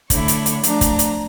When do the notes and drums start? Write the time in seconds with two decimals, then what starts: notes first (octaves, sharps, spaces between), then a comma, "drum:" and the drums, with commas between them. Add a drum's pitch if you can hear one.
0.10 D3 A3 E4 C#5, drum: kick, hi-hat
0.28 drum: hi-hat
0.46 drum: hi-hat
0.63 F3 A3 D4 A#5, drum: hi-hat
0.81 drum: kick, hi-hat
0.99 drum: hi-hat